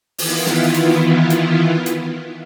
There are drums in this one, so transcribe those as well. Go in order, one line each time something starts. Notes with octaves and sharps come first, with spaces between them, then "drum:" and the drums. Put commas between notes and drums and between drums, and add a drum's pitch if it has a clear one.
D#3 E3 B3 E4 F4, drum: open hi-hat
drum: snare
drum: hi-hat
drum: hi-hat
drum: hi-hat